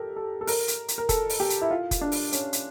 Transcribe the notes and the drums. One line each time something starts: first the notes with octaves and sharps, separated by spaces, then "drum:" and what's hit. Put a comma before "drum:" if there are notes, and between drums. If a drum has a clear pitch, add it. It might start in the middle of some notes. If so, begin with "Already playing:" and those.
Already playing: G4 A4 A#4
A4
A4
A#4, drum: open hi-hat
drum: hi-hat
drum: hi-hat
A#4
A4, drum: kick F1, hi-hat
drum: open hi-hat
G4
drum: hi-hat
E4
F4
drum: kick F1, hi-hat
D4
drum: open hi-hat
C#4, drum: hi-hat
drum: hi-hat